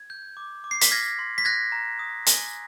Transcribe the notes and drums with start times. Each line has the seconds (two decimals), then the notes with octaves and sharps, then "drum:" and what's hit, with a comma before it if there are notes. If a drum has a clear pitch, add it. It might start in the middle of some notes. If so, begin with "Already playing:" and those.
Already playing: G#6
0.10 G6
0.37 D6
0.64 D6
0.71 C7
0.81 B6, drum: hi-hat
0.91 F6 G#6 A#6
1.19 C6
1.38 B6
1.45 F#6 G#6 A#6
1.72 A#5
1.99 D#6
2.26 G#5, drum: hi-hat